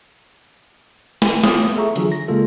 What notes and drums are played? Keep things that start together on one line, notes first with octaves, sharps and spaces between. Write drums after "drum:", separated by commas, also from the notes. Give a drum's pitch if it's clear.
drum: snare
B3 F4 C#5 D#6, drum: snare
A3 B3
G#4 A4 E5 A#5 C#6
D3 E3 F#3 D4 F4 G#4, drum: hi-hat
A#6
C#3 G#3 A#3 F4 A4